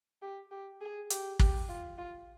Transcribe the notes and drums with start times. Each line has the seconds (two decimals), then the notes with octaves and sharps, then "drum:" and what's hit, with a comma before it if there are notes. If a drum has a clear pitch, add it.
0.22 G4
0.51 G4
0.81 G#4
1.10 G4, drum: hi-hat
1.39 G4, drum: kick
1.69 F4
1.98 F4